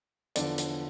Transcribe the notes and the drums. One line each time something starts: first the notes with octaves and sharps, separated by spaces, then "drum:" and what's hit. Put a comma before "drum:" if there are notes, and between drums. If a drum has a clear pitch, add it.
E2 D3 F3 D5, drum: hi-hat
drum: hi-hat